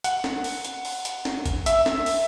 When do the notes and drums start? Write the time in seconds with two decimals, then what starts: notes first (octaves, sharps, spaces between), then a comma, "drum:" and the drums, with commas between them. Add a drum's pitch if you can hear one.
0.04 F#5, drum: hi-hat
0.24 drum: snare
0.44 drum: open hi-hat
0.65 drum: hi-hat
0.85 drum: open hi-hat
1.05 drum: hi-hat
1.25 drum: snare
1.46 drum: kick F#1, hi-hat
1.66 E5, drum: hi-hat
1.86 drum: snare
2.06 drum: open hi-hat